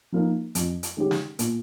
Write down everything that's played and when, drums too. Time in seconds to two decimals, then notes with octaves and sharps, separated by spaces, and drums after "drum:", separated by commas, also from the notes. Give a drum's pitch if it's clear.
0.12 F3 A#3 D#4 A#4
0.55 F2, drum: hi-hat
0.83 drum: hi-hat
0.97 D#3 G#3 C#4 G4
1.11 drum: snare
1.39 A#2, drum: hi-hat